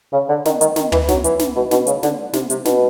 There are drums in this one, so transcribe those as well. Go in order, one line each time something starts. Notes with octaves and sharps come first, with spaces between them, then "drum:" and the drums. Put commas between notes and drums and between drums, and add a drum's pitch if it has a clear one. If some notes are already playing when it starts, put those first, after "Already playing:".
C#3
D3
D#3, drum: snare
D#3, drum: hi-hat
D#3, drum: snare
E3, drum: tom
F#3, drum: snare
E3, drum: hi-hat
drum: snare
B2
B2, drum: snare
C#3, drum: hi-hat
D3, drum: snare
C3, drum: snare
C3, drum: hi-hat
B2, drum: snare